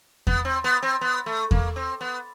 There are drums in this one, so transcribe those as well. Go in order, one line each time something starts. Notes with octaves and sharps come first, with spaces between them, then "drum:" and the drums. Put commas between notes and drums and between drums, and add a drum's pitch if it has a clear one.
B3, drum: kick E2
C4
B3
C4
B3
A3
A#3, drum: kick E2
C4
B3